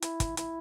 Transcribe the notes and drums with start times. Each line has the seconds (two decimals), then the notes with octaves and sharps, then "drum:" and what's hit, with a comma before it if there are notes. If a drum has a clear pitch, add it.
0.02 E4, drum: hi-hat
0.20 drum: kick, hi-hat
0.37 E4, drum: hi-hat